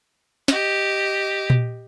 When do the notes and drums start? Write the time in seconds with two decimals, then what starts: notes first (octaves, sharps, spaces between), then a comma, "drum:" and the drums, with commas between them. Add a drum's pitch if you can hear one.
0.48 G4 D#5, drum: snare
1.50 drum: tom A#2